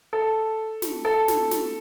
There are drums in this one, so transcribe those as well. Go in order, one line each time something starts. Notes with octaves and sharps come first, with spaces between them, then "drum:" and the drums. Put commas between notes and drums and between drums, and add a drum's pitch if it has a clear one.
A4
drum: snare
A4
drum: snare
drum: snare